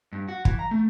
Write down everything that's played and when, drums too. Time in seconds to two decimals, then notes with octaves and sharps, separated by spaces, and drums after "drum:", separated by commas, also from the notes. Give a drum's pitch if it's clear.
0.12 G2
0.28 F#4
0.45 E3, drum: kick
0.59 A#5
0.71 A3